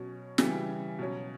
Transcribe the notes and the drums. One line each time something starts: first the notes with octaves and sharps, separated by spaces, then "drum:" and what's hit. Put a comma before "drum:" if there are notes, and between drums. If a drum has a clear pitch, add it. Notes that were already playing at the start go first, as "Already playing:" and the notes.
Already playing: B2 F#3 C#4
C#3 E3 G3, drum: snare
B2 F#3 C#4